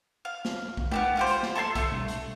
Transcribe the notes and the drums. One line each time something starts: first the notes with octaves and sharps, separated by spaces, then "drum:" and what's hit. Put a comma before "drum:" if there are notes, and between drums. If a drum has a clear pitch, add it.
F5
drum: snare
drum: kick B1
B3 D4 G4, drum: tom G#3
F4 G4 C5
drum: hi-hat
drum: snare
A4 E5 A5 C6
A3, drum: kick B1, hi-hat
drum: tom B2
drum: hi-hat